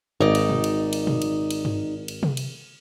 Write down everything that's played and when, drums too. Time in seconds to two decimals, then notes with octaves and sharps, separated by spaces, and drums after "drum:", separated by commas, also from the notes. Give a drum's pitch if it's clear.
0.20 G#1 D#4 D5
0.35 drum: cymbal
0.49 drum: tom A#2
0.64 drum: cymbal
0.93 drum: cymbal
1.07 drum: tom A#2
1.22 drum: cymbal
1.51 drum: cymbal
1.65 drum: tom G2
2.08 drum: cymbal
2.23 drum: tom C3
2.37 drum: cymbal